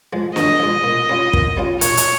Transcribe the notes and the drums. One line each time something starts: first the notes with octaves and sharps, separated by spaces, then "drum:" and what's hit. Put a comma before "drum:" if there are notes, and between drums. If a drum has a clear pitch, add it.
F3 G#3
G2 D#5, drum: snare
F3 G#3
A#2
G3 C#4 F4
A#2, drum: kick
G3 C#4 F4
A#1 C#5, drum: hi-hat
drum: hi-hat